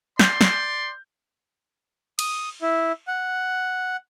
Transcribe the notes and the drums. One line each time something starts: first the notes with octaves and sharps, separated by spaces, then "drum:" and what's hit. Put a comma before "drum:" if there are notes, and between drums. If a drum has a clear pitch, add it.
D5 C6 G6, drum: snare
drum: snare
D#6, drum: cymbal
E4
F#5